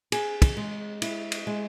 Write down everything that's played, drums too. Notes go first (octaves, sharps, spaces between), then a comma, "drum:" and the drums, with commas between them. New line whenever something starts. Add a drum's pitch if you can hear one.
G#4, drum: cymbal
drum: kick, cymbal
G#3
E4, drum: cymbal
drum: cymbal
G#3